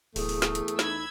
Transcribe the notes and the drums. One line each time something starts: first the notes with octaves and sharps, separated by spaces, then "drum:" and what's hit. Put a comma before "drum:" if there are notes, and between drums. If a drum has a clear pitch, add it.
D1 E2 A3 G#4, drum: open hi-hat
drum: open hi-hat
drum: snare
drum: hi-hat
drum: hi-hat
D#4 B5 E6 G#6, drum: snare